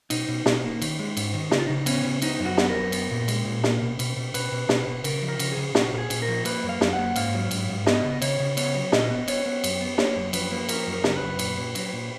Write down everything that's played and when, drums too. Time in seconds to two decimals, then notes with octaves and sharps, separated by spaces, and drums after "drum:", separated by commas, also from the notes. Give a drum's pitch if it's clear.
0.10 B2 D#4, drum: cymbal
0.28 B2
0.46 B2, drum: snare
0.64 A#3
0.82 D#3, drum: cymbal
0.99 G#3
1.17 G#2, drum: cymbal
1.34 D#3
1.51 C#3 D#4, drum: snare
1.59 F4
1.67 C#3 D#4
1.86 B3 C#4, drum: cymbal
2.05 C#3
2.22 B3 D#4, drum: cymbal
2.40 F#2
2.45 F#4
2.57 B3, drum: snare
2.69 A#4
2.75 F#2
2.92 B3, drum: cymbal
3.11 A#2
3.28 G#3, drum: cymbal
3.45 A#2
3.64 A#3, drum: snare
3.81 B2
3.99 B2, drum: cymbal
4.17 B2
4.34 B2 B4, drum: cymbal
4.52 B2
4.69 B2, drum: snare
4.87 B2
5.04 C#3 A#4, drum: cymbal
5.22 F3
5.28 A#4
5.39 C#3, drum: cymbal
5.52 C#3 G#4
5.75 A#2 F#4, drum: snare
5.93 A#2 A#4
5.98 G#4
6.10 A#2, drum: cymbal
6.22 A#4
6.28 F3
6.45 A#3 B4, drum: cymbal
6.64 F#2
6.69 F5
6.81 F#2, drum: snare
6.93 F#5
6.98 A#3
7.16 G#2 F5, drum: cymbal
7.34 F#3
7.51 G#2, drum: cymbal
7.70 G#2
7.86 B3 D#5, drum: snare
8.04 C#3
8.22 C#3 C#5, drum: cymbal
8.40 C#3
8.57 B3 C#5, drum: cymbal
8.74 F#3
8.92 A#2 D#5, drum: snare
9.11 B3
9.28 B3 C#5, drum: cymbal
9.46 B3
9.64 F#2, drum: cymbal
9.81 B3
9.98 A#3 C#5, drum: snare
10.16 F#2
10.33 F3 B4, drum: cymbal
10.51 A#3
10.69 F3 A#4, drum: cymbal
10.87 F#2
10.93 A#4
11.04 C#3, drum: snare
11.16 B4
11.22 F#2
11.39 A#2, drum: cymbal
11.57 A#2
11.75 F#3, drum: cymbal
11.93 A#2